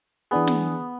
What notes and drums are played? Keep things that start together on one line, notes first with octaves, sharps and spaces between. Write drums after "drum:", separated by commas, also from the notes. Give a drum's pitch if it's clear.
E3 B3 D4 G#4
drum: snare